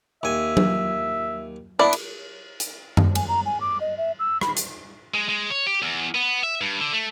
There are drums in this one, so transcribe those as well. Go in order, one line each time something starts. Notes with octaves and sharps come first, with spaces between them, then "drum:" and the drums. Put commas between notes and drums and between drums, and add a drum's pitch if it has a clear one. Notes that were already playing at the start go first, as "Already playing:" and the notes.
D#2 E5 G#5
drum: tom F#3
B3 D4 E4 D5
drum: cymbal
drum: hi-hat
drum: tom F#2
G#5, drum: cymbal
A#5
G#5
D6
D#5
E5
E6
B5, drum: rim click
drum: hi-hat
G#3
G#3
C#5
G4
E2
B3
E5
G2
D3
A3